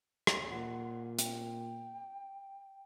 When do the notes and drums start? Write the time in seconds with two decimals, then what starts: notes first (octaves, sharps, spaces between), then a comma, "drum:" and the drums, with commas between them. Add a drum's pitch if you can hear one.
0.27 drum: rim click
0.50 A#2 F#5
1.19 G5, drum: hi-hat